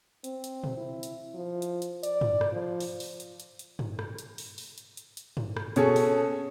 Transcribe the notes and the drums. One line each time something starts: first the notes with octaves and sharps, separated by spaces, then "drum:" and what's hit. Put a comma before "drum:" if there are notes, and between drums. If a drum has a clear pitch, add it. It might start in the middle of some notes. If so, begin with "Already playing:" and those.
C4, drum: hi-hat
drum: hi-hat
drum: tom A#2
E4
drum: hi-hat
F3
drum: hi-hat
drum: hi-hat
D5, drum: hi-hat
drum: tom G2
drum: rim click
F3
drum: open hi-hat
drum: open hi-hat
drum: hi-hat
drum: hi-hat
drum: hi-hat
drum: tom G2
drum: rim click
drum: hi-hat
drum: open hi-hat
drum: open hi-hat
drum: hi-hat
drum: hi-hat
drum: hi-hat
drum: tom G2
drum: rim click
B2 C#4 G#4 A4, drum: hi-hat
drum: open hi-hat